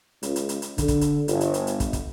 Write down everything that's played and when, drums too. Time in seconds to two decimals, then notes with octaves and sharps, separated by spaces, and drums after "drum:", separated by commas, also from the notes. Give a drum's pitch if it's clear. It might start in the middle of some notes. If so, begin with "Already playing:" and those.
0.23 C#2, drum: hi-hat
0.36 drum: hi-hat
0.49 drum: hi-hat
0.62 drum: hi-hat
0.78 D3, drum: kick, hi-hat
0.88 drum: kick, hi-hat
1.01 drum: hi-hat
1.28 G1, drum: hi-hat
1.41 drum: hi-hat
1.54 drum: hi-hat
1.67 drum: hi-hat
1.80 drum: kick, hi-hat
1.93 drum: kick, hi-hat